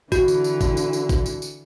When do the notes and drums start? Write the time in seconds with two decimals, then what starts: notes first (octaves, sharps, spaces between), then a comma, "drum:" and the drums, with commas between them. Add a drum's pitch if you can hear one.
0.12 D3 E3 F#4, drum: kick G#1, tambourine
0.28 drum: tambourine
0.44 drum: tambourine
0.61 drum: kick G#1, tambourine
0.77 drum: tambourine
0.93 drum: tambourine
1.09 drum: kick G#1, tambourine
1.26 drum: tambourine
1.42 drum: tambourine